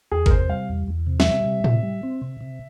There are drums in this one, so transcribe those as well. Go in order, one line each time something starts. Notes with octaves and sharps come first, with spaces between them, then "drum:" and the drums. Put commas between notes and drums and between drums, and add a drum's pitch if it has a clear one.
E2 G#4
A#4, drum: kick
C3 C5
G3 F5
E2
E2
C3
E5, drum: snare
G3
C3
C3, drum: tom A2
G3
C4
C3
C3